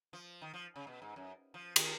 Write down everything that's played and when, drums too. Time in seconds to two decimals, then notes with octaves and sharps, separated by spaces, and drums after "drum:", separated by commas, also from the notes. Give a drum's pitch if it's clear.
0.13 F3
0.42 D#3
0.54 F3
0.76 C#3
0.87 B2
1.02 G#2
1.16 F#2
1.54 F3
1.76 D#3, drum: cymbal